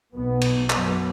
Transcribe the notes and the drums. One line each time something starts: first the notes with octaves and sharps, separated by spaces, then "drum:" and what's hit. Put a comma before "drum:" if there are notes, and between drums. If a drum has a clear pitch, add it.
B1 B2 B3
drum: cymbal
F#2 F#3 B3, drum: clap